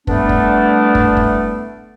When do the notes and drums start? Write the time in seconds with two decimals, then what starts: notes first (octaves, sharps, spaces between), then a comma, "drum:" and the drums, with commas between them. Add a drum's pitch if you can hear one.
0.07 D3 E3 G3 A3 B3 D4, drum: kick
0.29 drum: kick
0.95 drum: kick
1.17 drum: kick